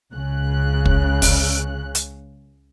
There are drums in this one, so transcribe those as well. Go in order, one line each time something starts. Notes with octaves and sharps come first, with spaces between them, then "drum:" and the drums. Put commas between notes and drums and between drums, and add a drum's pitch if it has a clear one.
C#2 C#3 F#6
drum: kick
drum: kick, open hi-hat
drum: hi-hat